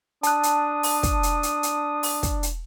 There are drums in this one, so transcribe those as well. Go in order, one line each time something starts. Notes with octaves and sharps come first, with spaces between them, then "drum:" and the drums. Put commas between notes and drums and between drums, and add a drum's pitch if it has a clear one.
D4 A5 D#6 F#6, drum: hi-hat
drum: hi-hat
drum: open hi-hat
drum: kick, hi-hat
drum: hi-hat
drum: hi-hat
drum: hi-hat
drum: open hi-hat
drum: kick, hi-hat
drum: hi-hat